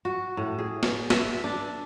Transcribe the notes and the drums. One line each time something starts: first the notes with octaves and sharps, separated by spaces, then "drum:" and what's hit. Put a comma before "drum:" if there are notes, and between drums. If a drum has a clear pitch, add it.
F#4
A2
G#4
drum: snare
E5, drum: snare
D4